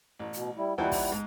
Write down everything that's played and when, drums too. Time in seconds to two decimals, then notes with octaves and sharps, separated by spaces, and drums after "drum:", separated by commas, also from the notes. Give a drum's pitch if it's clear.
0.19 A1
0.33 B2, drum: hi-hat
0.57 G3 E4
0.78 D#2 E3 F3 G3 E4 F#5
0.92 drum: kick, open hi-hat
1.12 G#2